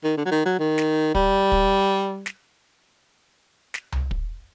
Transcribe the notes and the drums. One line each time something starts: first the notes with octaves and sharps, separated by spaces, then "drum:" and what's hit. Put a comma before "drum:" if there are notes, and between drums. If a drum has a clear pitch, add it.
D#3
D3
F#3
D#3
F#3
D#3
drum: snare
G3, drum: kick
drum: kick
drum: snare
drum: snare
drum: tom C2
drum: kick